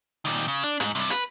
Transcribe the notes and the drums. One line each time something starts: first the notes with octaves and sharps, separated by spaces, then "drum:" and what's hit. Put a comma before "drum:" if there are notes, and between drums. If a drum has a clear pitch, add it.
A#2 D#3
C#3
D4
G#2, drum: hi-hat
G2 C3
B4, drum: hi-hat